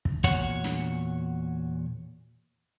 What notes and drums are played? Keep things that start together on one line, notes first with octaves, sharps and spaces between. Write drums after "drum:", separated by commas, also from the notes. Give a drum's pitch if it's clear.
drum: kick
E2 A#2 F#4 C#5 F#5, drum: kick
drum: snare